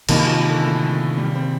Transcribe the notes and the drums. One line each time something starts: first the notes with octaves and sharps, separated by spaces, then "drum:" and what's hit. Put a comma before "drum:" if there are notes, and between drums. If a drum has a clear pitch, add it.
C3 D#3 A#3 D#4, drum: cymbal
F3
D3
A2
G3
C4